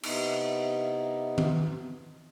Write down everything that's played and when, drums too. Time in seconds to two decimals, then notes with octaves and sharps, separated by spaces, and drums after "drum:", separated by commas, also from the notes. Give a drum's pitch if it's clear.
0.03 C3 B3 D#4 E4, drum: cymbal
1.38 drum: tom D#3